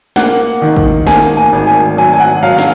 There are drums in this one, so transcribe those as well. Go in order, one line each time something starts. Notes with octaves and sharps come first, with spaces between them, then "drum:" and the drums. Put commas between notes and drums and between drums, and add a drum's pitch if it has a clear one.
A#3 F#5, drum: snare
D#3
drum: kick
A#3 G#5, drum: snare
G#5
G#1
G#5
F#3 G#5
G#5
F#5
F#3 F5
drum: snare